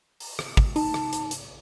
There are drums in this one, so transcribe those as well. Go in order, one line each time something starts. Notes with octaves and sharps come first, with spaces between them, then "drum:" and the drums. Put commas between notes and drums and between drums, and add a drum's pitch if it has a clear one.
drum: open hi-hat
drum: rim click
drum: kick
D#4 A5, drum: open hi-hat
drum: rim click
drum: hi-hat
drum: hi-hat